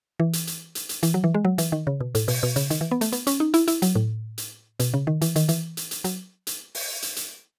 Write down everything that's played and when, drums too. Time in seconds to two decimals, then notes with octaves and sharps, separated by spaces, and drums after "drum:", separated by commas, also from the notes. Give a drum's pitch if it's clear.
0.20 E3
0.33 drum: hi-hat
0.47 drum: hi-hat
0.75 drum: hi-hat
0.89 drum: hi-hat
1.03 E3, drum: hi-hat
1.14 F#3
1.24 E3
1.34 G#3
1.45 F#3
1.58 E3, drum: hi-hat
1.72 D#3
1.87 C#3
2.00 B2
2.15 A2, drum: hi-hat
2.28 B2, drum: open hi-hat
2.43 B2
2.56 C#3, drum: hi-hat
2.70 D#3, drum: hi-hat
2.81 E3
2.91 B3
3.01 A3, drum: hi-hat
3.12 B3, drum: hi-hat
3.27 C#4, drum: hi-hat
3.40 D#4
3.54 E4, drum: hi-hat
3.68 E4, drum: hi-hat
3.82 F#3, drum: hi-hat
3.95 A2
4.38 drum: hi-hat
4.80 B2, drum: hi-hat
4.94 C#3
5.07 D#3
5.21 E3, drum: hi-hat
5.36 D#3, drum: hi-hat
5.49 E3, drum: hi-hat
5.77 drum: hi-hat
5.91 drum: hi-hat
6.04 F#3, drum: hi-hat
6.47 drum: hi-hat
6.75 drum: open hi-hat
7.02 drum: hi-hat
7.16 drum: hi-hat